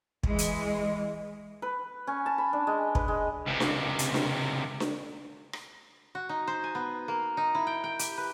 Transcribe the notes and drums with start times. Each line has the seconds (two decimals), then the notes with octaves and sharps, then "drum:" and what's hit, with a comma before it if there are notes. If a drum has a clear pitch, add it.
0.23 E3 G#3, drum: kick
0.38 drum: hi-hat
1.62 B4
2.07 C#4
2.26 A5
2.38 B5
2.53 D4
2.67 G#3
2.95 B4, drum: kick
3.08 G#3
3.47 C#2 C3
3.60 drum: snare D4
3.99 drum: hi-hat
4.14 drum: snare D4
4.80 drum: snare D4
5.53 drum: rim click
6.15 F#4
6.29 D#4
6.47 C5
6.64 G#5
6.75 B3
7.08 A#3
7.37 D#4
7.55 E4
7.67 G5
7.84 G5
7.99 G4, drum: hi-hat
8.18 B4